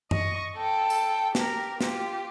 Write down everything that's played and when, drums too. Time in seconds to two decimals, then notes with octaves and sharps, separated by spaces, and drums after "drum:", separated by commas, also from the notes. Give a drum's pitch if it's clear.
0.11 D#5 C#6, drum: tom F#2
0.56 A4 G5
0.90 drum: tambourine
1.35 G4 A#4, drum: snare
1.81 F4 G4, drum: snare